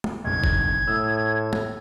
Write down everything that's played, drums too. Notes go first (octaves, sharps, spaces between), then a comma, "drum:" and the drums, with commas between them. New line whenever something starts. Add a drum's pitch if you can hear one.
drum: tom
F#1 B1 G#6
drum: kick F#1
A2 D#6 E6
drum: tom